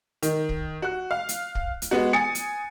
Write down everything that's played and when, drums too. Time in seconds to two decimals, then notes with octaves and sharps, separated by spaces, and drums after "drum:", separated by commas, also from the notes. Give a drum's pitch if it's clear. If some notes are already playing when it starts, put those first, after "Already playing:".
0.23 D#3, drum: hi-hat
0.49 drum: kick
0.82 F#4 F#6
1.11 F5
1.29 drum: hi-hat
1.55 drum: kick
1.82 drum: hi-hat
1.91 G#3 B3 F#4
2.13 G#5 D#6 A6 C#7
2.35 drum: hi-hat